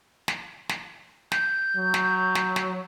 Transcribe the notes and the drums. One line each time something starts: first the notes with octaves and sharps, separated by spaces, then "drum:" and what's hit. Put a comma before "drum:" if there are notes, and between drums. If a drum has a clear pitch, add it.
drum: snare
drum: snare
G6, drum: snare
F#3
drum: snare
drum: snare
drum: snare